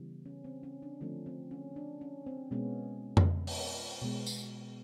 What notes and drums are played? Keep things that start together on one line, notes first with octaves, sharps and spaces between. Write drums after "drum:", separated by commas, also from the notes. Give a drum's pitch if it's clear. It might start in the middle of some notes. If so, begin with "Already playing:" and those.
Already playing: C#3 E3 G3 B3
C#4
C4
C#4
D4
D3 F3 A3 C4 C#4
C4
C#4
D4
C#4
C4
B2 G#3 B3 C#4
drum: tom F2
drum: open hi-hat
B2 G#3 B3
drum: tambourine